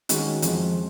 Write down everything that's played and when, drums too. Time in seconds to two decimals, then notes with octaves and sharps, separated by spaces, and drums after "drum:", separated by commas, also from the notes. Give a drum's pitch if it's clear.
0.09 D#3 G#3 C#4 F#4, drum: hi-hat
0.42 F2 F3 G#3, drum: hi-hat